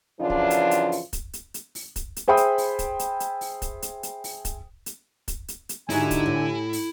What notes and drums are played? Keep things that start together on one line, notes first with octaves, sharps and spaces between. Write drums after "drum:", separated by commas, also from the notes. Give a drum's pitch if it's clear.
F#2 C#3 E3 F3 D4 F4
drum: kick
drum: hi-hat
drum: hi-hat
drum: open hi-hat
drum: kick, hi-hat
drum: hi-hat
drum: hi-hat
drum: open hi-hat
drum: kick, hi-hat
drum: hi-hat
G#4 C5 E5 G5 B5 D#6
drum: hi-hat
drum: open hi-hat
drum: kick, hi-hat
drum: hi-hat
drum: hi-hat
drum: open hi-hat
drum: kick, hi-hat
drum: hi-hat
drum: hi-hat
drum: open hi-hat
drum: kick, hi-hat
drum: hi-hat
drum: kick, hi-hat
drum: hi-hat
drum: hi-hat
G#2 D3 D#4 E4 F#4 G4 G#5, drum: open hi-hat
drum: kick, hi-hat
A2
drum: open hi-hat